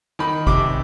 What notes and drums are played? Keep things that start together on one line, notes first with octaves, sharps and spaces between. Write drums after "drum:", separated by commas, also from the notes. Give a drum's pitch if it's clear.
D#3 B5
C3 D6, drum: kick